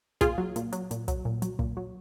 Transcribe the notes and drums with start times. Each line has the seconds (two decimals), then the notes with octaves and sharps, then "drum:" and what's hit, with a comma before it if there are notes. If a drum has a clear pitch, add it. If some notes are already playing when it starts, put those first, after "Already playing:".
0.21 A#2 F4 G#4, drum: kick, hi-hat
0.38 F#3
0.56 A#2, drum: hi-hat
0.73 F#3, drum: hi-hat
0.91 A#2, drum: hi-hat
1.08 F#3, drum: kick, hi-hat
1.25 A#2
1.42 F#3, drum: hi-hat
1.59 A#2, drum: kick
1.77 F#3